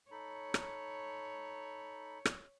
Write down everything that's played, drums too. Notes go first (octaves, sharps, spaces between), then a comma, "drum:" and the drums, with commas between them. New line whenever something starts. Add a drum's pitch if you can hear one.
D#4 A4 C#5 B5
drum: rim click
drum: rim click